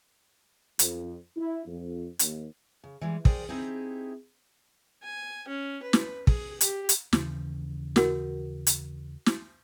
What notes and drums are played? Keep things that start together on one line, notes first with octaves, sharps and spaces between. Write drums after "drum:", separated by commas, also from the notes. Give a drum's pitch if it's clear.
F2, drum: hi-hat
E4
F2
D#2, drum: hi-hat
C#3
E3 G3 G#3
G#4 A#4 C5 D5 G5, drum: kick
C4 D#4 E4 G4 G#4
G#5
C#4
B4
drum: snare
G#4, drum: kick
G4, drum: hi-hat
drum: hi-hat
D#2 C#3 E3, drum: snare
F#4 A#4 F#5, drum: snare
drum: hi-hat
drum: snare